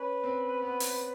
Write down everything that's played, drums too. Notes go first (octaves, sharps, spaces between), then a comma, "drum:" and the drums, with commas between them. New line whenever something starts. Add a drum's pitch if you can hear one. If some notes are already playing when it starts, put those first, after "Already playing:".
Already playing: C#4 B4
C4
B3
drum: open hi-hat